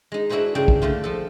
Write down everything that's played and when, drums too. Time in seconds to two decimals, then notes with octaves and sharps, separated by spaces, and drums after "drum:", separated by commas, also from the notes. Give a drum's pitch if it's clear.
0.12 G#3 D#4
0.29 D4 E4 F#4 G#4 B4 C5
0.55 G2 C#3 G#4 G5
0.68 drum: kick
0.82 D3 A3 F4
1.04 F3 A4